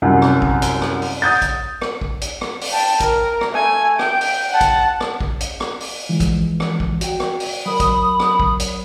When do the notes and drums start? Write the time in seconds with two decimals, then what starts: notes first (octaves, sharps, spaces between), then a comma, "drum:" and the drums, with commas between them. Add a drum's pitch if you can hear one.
0.02 C2 F#2
0.22 drum: rim click
0.42 drum: kick
0.62 drum: hi-hat
0.82 drum: rim click
1.02 drum: open hi-hat
1.22 D#6 G6 A6
1.42 drum: kick, hi-hat
1.82 drum: rim click
2.01 drum: kick
2.21 drum: hi-hat
2.41 drum: rim click
2.61 drum: open hi-hat
2.71 G5 A5
3.00 A#4, drum: kick, hi-hat
3.41 drum: rim click
3.53 A3 G#5
3.99 G5, drum: rim click
4.21 drum: open hi-hat
4.50 F#5 A5
4.61 drum: kick, hi-hat
5.01 drum: rim click
5.20 drum: kick
5.40 drum: hi-hat
5.60 drum: rim click
5.80 drum: open hi-hat
6.09 E3 F3 G#3
6.20 drum: kick, hi-hat
6.60 drum: rim click
6.80 drum: kick
7.01 F#4 G5, drum: hi-hat
7.20 drum: rim click
7.40 drum: open hi-hat
7.66 F#3 A#4 B5 D#6
7.80 drum: kick, hi-hat
8.20 drum: rim click
8.40 drum: kick
8.59 drum: hi-hat